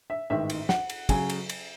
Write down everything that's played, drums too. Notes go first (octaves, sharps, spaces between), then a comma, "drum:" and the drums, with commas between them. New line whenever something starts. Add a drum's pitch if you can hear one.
E5
A1 G#2 D#3 E5
drum: cymbal
F#5, drum: snare
drum: cymbal
C#3 F#3 G#5, drum: kick, cymbal
drum: cymbal
drum: cymbal